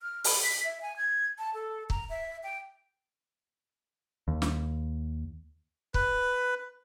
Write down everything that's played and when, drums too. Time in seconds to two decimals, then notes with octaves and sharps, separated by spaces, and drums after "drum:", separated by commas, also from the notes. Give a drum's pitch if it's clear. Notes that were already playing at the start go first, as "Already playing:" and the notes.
0.02 F6
0.24 B5, drum: open hi-hat
0.43 B6
0.64 E5
0.82 G#5
0.97 G#6
1.38 A5
1.54 A4
1.90 A#5, drum: kick
2.09 E5
2.43 G5
4.28 D#2
4.42 drum: snare
5.94 B4, drum: kick